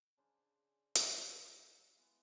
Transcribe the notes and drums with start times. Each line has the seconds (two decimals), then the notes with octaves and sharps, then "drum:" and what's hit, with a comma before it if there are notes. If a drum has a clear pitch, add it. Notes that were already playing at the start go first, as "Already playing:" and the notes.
0.17 C#3 D4 C5 G#5
0.95 drum: hi-hat
1.97 G#3 B3 E4 F5